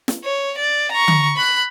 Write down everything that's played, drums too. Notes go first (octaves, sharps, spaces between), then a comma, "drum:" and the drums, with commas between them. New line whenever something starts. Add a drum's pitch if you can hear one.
drum: snare
C#5
D5
A#5 C#6
drum: tom D3
B5 F#6